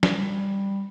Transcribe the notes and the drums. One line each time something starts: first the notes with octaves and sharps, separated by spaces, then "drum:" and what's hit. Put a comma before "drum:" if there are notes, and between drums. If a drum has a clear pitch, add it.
G3, drum: snare